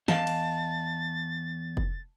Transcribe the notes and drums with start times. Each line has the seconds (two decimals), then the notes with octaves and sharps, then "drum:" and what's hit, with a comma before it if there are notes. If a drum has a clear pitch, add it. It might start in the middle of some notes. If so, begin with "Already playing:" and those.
0.08 E2 D#5 F5 G5 A5 A6, drum: snare
0.27 drum: cymbal
1.77 drum: kick